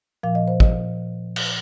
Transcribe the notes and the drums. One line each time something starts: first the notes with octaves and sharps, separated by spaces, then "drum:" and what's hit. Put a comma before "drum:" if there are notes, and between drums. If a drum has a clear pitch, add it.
A#2 F3 F5
D#5
C5
D#5, drum: kick
drum: cymbal